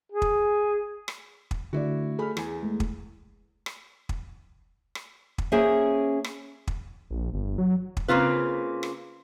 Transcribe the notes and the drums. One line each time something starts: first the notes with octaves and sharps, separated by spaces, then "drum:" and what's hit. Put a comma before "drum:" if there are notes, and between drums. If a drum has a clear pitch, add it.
G#4
drum: kick
drum: rim click
drum: kick
D3 A3 E4 F#4 D5
A3 G#4 B5 F6
E2 G#4 G#5, drum: rim click
G#3 A3
drum: kick
drum: rim click
drum: kick
drum: rim click
drum: kick
A#3 C#4 G#4 C5 C#5 E5
drum: rim click
drum: kick
A#1
G1
F#3
drum: kick
C#3 A#3 C4 F4 B4
drum: rim click